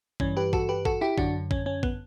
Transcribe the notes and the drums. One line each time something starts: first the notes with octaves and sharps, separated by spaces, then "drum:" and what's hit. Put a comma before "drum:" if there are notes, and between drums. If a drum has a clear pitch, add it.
G2 E3 C#4, drum: kick G#1
G4 B4
F#4 A4, drum: kick G#1
G4 B4
F#4 A4, drum: kick G#1
E4 G4
F#2 D3 D4 F#4, drum: kick G#1
C#4, drum: kick G#1
C#4
B3, drum: kick G#1